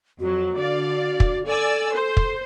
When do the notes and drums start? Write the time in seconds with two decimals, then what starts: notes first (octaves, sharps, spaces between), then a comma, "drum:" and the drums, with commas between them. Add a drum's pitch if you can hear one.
0.20 F2 F#3 F#4
0.56 D3 D5 F5
1.20 drum: kick
1.46 A4 D5 G#5 E6
1.93 C5
2.17 drum: kick